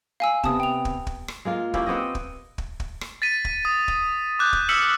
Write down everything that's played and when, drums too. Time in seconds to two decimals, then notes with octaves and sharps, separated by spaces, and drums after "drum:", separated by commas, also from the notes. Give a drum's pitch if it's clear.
0.20 F5 G#5 E6
0.44 C3 B3 A5 D#6, drum: kick
0.60 G5 F7
0.85 drum: kick
1.07 drum: kick
1.28 drum: rim click
1.45 G#3 A#3 F4
1.74 A#3 C#4 E4 G4, drum: kick
1.86 B3 C4 G4 D#5
2.15 drum: kick
2.58 drum: kick
2.80 drum: kick
3.01 drum: rim click
3.22 A6 B6 D#7
3.45 drum: kick
3.65 D#6
3.88 drum: kick
4.39 D6 F#6 G6
4.53 drum: kick
4.69 E6 F6 B6 C#7 E7 F#7